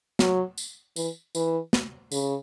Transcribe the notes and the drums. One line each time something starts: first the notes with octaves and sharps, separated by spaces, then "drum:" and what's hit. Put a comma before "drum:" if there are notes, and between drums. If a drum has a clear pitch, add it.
F#3, drum: snare
drum: tambourine
E3, drum: tambourine
E3, drum: tambourine
drum: snare
C#3, drum: tambourine